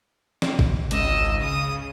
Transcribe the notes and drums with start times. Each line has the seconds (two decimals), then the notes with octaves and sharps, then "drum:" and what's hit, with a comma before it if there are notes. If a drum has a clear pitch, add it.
0.42 drum: snare
0.59 drum: kick
0.91 G#1 C#2 D#5 E6, drum: hi-hat
1.40 C#3 D#6